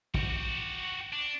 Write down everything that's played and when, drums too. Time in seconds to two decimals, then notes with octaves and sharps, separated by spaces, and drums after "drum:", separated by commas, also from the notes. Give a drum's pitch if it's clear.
0.14 F#4 G4, drum: kick
1.13 D4